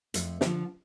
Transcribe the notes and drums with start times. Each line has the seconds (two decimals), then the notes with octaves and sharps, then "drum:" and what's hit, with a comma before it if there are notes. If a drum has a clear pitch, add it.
0.14 F2 A3, drum: hi-hat
0.41 D3 F3, drum: snare